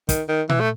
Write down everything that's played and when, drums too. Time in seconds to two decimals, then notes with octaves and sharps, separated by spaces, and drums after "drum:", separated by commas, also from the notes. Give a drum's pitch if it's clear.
0.09 D#3, drum: kick, hi-hat
0.29 D#3
0.49 E3, drum: tom A#2
0.60 A3